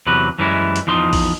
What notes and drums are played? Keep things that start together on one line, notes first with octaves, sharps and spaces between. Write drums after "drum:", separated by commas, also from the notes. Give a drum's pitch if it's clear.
E2 C3 F#3 B4
F#2 E3 G3 G#3 E4
drum: hi-hat
E2 F3 D#4 C6
drum: kick, open hi-hat